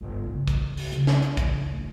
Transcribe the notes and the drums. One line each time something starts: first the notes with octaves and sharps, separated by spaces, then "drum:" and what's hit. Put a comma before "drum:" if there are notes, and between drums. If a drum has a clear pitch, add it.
G1 G#2
C#3 D4
drum: kick, hi-hat
drum: open hi-hat
C#3, drum: hi-hat
drum: snare
drum: hi-hat
drum: kick, hi-hat
A3